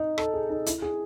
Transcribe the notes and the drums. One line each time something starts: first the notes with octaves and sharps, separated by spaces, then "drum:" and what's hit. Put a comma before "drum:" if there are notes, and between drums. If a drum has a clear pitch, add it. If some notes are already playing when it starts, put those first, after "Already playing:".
Already playing: D#4
A4, drum: rim click
G#4
D#4
E4, drum: hi-hat
G#4